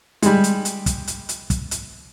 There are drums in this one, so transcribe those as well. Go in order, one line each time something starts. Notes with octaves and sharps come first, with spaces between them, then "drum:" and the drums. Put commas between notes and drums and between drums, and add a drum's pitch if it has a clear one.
G3 G#3, drum: hi-hat
drum: hi-hat
drum: hi-hat
drum: kick, hi-hat
drum: hi-hat
drum: hi-hat
drum: kick, hi-hat
drum: hi-hat